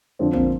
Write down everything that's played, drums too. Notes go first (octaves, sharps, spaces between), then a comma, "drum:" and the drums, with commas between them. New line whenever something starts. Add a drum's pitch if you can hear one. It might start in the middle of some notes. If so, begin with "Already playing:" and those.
F2 D3 F3 C4 D4
A#3 C4, drum: kick